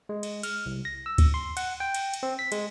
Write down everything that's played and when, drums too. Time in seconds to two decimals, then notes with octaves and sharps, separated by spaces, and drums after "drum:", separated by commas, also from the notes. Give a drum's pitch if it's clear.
0.09 G#3
0.23 drum: cymbal
0.43 F6, drum: cymbal
0.66 C2
0.85 A#6
1.06 E6
1.18 drum: kick D2, cymbal
1.34 C6
1.57 F#5, drum: cymbal
1.80 G5
1.95 drum: cymbal
2.14 drum: cymbal
2.23 C4
2.39 B6
2.52 G#3, drum: cymbal